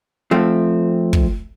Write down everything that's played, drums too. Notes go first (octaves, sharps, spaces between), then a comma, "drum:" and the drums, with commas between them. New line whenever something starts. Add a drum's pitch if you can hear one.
F3 A3 C4
drum: kick